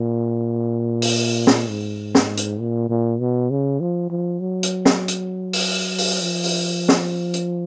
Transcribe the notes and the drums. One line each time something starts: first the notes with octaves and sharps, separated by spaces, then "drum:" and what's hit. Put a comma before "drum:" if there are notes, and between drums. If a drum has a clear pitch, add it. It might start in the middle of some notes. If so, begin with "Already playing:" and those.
Already playing: A#2
drum: open hi-hat
drum: snare
G#2
drum: snare
drum: hi-hat
A#2
A#2
B2
C#3
F3
F3
F#3
drum: hi-hat
drum: snare
drum: hi-hat
drum: open hi-hat
drum: open hi-hat
F3
drum: open hi-hat
drum: snare
drum: hi-hat